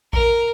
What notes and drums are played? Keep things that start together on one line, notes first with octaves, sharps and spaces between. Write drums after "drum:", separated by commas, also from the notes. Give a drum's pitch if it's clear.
A#4, drum: kick A1